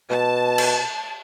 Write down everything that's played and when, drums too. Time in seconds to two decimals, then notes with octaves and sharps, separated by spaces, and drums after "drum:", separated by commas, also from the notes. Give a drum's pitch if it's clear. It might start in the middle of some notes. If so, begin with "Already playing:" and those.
0.10 B2 A5
0.58 drum: cymbal